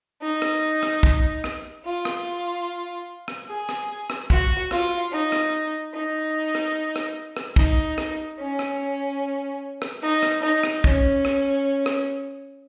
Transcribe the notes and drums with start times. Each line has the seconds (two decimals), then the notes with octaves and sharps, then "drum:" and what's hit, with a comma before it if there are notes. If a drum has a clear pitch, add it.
0.22 D#4
0.42 drum: rim click
0.83 drum: rim click
1.03 drum: kick
1.44 drum: rim click
1.85 F4
2.05 drum: rim click
3.28 drum: rim click
3.48 G#4
3.69 drum: rim click
4.10 drum: rim click
4.30 F#4, drum: kick
4.71 F4, drum: rim click
5.12 D#4
5.32 drum: rim click
5.94 D#4
6.55 drum: rim click
6.96 drum: rim click
7.37 drum: rim click
7.56 D#4, drum: kick
7.98 drum: rim click
8.39 C#4
8.59 drum: rim click
9.82 drum: rim click
10.02 D#4
10.23 drum: rim click
10.42 D#4
10.63 drum: rim click
10.84 C#4, drum: kick
11.25 drum: rim click
11.86 drum: rim click